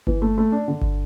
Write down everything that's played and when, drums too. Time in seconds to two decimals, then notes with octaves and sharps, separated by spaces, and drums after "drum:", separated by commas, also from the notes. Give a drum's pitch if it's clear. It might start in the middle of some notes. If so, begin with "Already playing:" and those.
0.07 E3, drum: kick G1
0.22 A3
0.38 A3
0.52 D4
0.68 D3
0.81 drum: kick G1